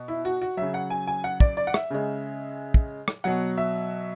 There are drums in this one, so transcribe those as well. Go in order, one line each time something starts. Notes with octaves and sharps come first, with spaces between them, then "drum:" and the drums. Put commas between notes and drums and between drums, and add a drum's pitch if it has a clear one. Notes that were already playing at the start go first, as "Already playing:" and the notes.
Already playing: B2
E4
F#4
F#4
C#3 F#3 E5
F#5
G#5
G#5
F#5
D5, drum: kick
D5
F#5
E5, drum: rim click
C#3 G#3
drum: kick
drum: rim click
B2 F#3 F#5
E5